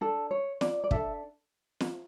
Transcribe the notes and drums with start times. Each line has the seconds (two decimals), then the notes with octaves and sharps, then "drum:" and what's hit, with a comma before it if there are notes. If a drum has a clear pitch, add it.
0.01 D4 A4
0.31 C#5
0.61 D5, drum: snare
0.84 D5
0.91 D4 A4 E5, drum: kick
1.80 drum: snare